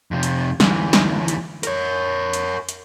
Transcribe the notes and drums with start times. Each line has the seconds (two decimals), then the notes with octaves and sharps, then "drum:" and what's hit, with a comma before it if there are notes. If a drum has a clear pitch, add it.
0.11 F2 C3
0.23 drum: hi-hat
0.60 D2 E3, drum: snare
0.93 drum: snare
1.28 drum: hi-hat
1.63 A#4 C#5, drum: hi-hat
2.33 drum: hi-hat
2.69 drum: hi-hat